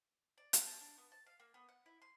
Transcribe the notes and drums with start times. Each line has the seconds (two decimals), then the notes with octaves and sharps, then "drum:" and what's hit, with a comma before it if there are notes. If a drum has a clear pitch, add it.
0.38 D5
0.53 B3, drum: hi-hat
0.66 A5
0.81 D4
0.98 B3
1.12 A5
1.27 F5
1.40 A#3
1.54 B3
1.69 F#5
1.86 E4
2.02 C6